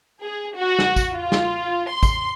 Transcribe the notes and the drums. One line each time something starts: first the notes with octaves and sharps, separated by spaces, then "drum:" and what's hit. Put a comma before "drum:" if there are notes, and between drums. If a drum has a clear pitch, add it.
G#4
F#4
drum: snare
drum: kick, tambourine
F4
drum: snare
C6
drum: kick, tambourine